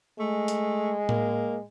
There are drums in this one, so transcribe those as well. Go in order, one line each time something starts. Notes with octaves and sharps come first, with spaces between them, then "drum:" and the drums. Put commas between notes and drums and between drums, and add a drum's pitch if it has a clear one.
G#3 A3
drum: hi-hat
A#3, drum: tom A2